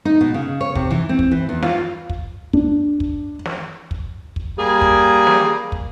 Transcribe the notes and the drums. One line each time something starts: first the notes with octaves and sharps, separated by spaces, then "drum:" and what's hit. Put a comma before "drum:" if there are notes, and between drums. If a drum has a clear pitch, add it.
D#4
B2
C#3
C#5
C3, drum: kick
E3
C4
drum: kick
E3
E2
F4, drum: snare
drum: kick
D4, drum: kick
drum: kick
drum: snare
drum: kick
drum: kick
G3 A#3 G#4
drum: kick
drum: snare
drum: kick